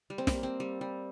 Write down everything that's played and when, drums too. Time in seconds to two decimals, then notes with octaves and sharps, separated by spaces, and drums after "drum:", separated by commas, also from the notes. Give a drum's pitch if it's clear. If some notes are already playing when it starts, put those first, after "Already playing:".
0.10 G3
0.18 C4
0.27 A#3, drum: snare
0.43 C4
0.60 G3
0.81 G3